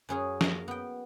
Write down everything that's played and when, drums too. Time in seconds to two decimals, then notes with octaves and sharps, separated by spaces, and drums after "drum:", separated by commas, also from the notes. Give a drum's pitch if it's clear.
0.09 F#2 C#4 G#4
0.41 A#3 A#5, drum: snare
0.68 B3 G5